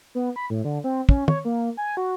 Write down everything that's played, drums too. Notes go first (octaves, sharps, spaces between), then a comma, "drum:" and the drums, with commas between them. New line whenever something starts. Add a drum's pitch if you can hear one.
B3
B5
A2
D3
C4
C#4, drum: kick
C#5, drum: tom
A#3
G#5
F#4